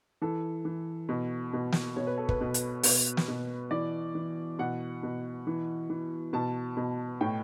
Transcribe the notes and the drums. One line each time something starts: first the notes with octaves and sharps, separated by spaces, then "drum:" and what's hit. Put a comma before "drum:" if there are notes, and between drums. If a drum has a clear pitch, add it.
E3 A4
E3
B2
B2
drum: snare
B2 C#5
B4
A4
B4, drum: kick
B2
drum: hi-hat
B2 B4, drum: open hi-hat
drum: snare
B2
E3 D5
E3
B2 F#5
B2
E3
E3
B2 A5
B2
A2 G5